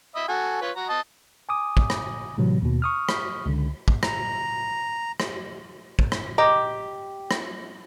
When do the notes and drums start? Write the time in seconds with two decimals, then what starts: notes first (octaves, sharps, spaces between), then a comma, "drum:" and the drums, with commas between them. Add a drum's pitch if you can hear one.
0.15 D#5 E5 B5
0.28 F#4 A4 G#5
0.62 F4 B4 C#5
0.76 F#4 A#5
0.89 D#5 A5
1.49 G#5 D6 D#6
1.77 drum: kick
1.90 drum: rim click
2.38 A2 C3 E3 F#3
2.62 D#2 B2
2.82 C#6 D#6 F6
3.09 drum: rim click
3.46 C#2 D3
3.88 drum: kick
4.03 A#5, drum: rim click
5.20 drum: rim click
5.99 drum: kick
6.12 drum: rim click
6.38 G4 D#5 A#5
7.31 drum: rim click